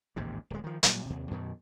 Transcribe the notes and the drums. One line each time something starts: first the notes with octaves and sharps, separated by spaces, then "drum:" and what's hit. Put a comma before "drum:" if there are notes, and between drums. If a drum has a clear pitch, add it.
A1 D#2 G#2 C3
D1 G#3
D#3 F3
A#2 F#3 G3, drum: hi-hat
D#2 C3
F#2 B2 D#3